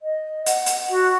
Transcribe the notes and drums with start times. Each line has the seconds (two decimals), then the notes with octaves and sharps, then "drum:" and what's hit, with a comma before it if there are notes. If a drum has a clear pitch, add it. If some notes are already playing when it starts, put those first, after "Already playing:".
0.02 D#5
0.46 F#5, drum: hi-hat
0.66 drum: hi-hat
0.90 F#4